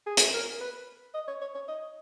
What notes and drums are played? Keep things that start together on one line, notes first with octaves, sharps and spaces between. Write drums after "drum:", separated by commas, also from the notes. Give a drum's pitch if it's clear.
G#4
drum: hi-hat
A#4
B4
D#5
C#5
C#5
C#5
D#5